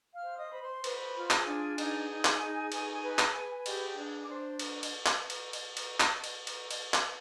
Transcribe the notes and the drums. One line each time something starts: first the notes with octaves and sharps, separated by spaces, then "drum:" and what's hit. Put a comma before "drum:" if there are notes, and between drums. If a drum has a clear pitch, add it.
F5 F6
C5
D#5 D#6
C5 B5
C5 C6
B4 C5 B5, drum: cymbal
F4
G#4 G#5, drum: clap
D4
D#4 G#4 G#5, drum: cymbal
D#4
drum: clap
D#4
D#4, drum: cymbal
B4
drum: clap
B4
G#5
G4 G#4 G5, drum: cymbal
D4
D6
D4 C5 C6
drum: cymbal
drum: cymbal
drum: clap
drum: cymbal
drum: cymbal
drum: cymbal
drum: clap
drum: cymbal
drum: cymbal
drum: cymbal
drum: clap